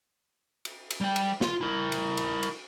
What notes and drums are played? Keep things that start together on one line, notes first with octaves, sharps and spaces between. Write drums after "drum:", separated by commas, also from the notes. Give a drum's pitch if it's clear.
drum: cymbal
drum: cymbal
G3 G5
drum: cymbal
F4 C6, drum: snare
E4 A#4
drum: cymbal
drum: cymbal
drum: cymbal